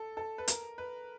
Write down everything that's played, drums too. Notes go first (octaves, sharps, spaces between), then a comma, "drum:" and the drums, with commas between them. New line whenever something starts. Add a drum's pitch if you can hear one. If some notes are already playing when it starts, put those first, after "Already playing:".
Already playing: A4
A4
B4
A#4, drum: hi-hat
B4